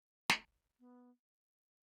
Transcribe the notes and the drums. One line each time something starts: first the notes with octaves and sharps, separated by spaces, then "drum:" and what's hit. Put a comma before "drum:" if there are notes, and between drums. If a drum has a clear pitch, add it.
A3, drum: snare
B3